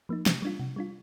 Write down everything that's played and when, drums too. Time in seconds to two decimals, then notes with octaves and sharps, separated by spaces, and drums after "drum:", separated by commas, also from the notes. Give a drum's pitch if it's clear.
0.09 F3 A#3 D#4
0.26 C3, drum: snare
0.42 G3 D4 F4
0.59 C3
0.76 G3 D4 F4